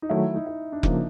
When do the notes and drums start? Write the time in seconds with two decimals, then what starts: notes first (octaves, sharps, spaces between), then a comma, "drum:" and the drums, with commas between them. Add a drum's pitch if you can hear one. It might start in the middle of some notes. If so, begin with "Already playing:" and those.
0.02 D#4
0.10 D#3 F#3 A3 E4
0.35 D#4
0.47 E4
0.72 D4
0.83 C#3 F3 A#3 D#4, drum: kick F1